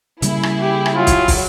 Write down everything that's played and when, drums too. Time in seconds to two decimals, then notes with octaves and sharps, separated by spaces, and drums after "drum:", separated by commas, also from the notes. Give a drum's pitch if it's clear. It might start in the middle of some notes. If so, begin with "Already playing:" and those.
0.22 C#3 G3 A#3 E4 G#4, drum: hi-hat
0.43 drum: rim click
0.59 G4
0.86 drum: rim click
0.96 F#3 F4
1.07 drum: kick, hi-hat
1.28 drum: kick, open hi-hat